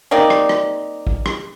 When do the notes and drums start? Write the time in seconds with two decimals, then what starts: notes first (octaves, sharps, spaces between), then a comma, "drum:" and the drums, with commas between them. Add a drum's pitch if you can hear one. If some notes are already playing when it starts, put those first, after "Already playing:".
0.11 A#3 C4 D#4 D5
0.30 drum: rim click
0.49 drum: rim click
1.07 drum: kick
1.26 drum: rim click